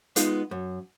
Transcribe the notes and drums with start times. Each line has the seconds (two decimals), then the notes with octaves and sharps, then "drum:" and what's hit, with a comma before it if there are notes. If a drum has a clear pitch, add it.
0.16 G#3 B3 D#4 F4, drum: hi-hat
0.51 F#2